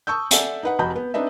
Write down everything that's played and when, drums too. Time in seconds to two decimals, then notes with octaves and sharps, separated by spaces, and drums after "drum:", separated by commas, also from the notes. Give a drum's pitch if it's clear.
0.07 A5 C#6 D#6 E6 G6
0.31 A4 D5 E5 F#5 G#5, drum: hi-hat
0.63 D#4 B4 F#5
0.79 F1 F#4 D#5 A#5 B5 G6
0.96 B3
1.14 C4 D4 D#4 B4 D#5 E5